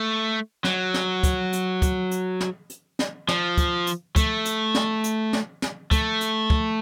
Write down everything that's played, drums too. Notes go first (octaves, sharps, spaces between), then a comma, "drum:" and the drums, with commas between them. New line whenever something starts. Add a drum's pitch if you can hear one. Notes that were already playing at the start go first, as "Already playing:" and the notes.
Already playing: A3
F#3, drum: snare
drum: snare
drum: kick, hi-hat
drum: hi-hat
drum: kick, hi-hat
drum: hi-hat
drum: snare
drum: hi-hat
drum: snare
F3, drum: snare
drum: kick, hi-hat
drum: hi-hat
A3, drum: kick, hi-hat
drum: hi-hat
drum: snare
drum: hi-hat
drum: snare
drum: snare
A3, drum: kick, hi-hat
drum: hi-hat
drum: kick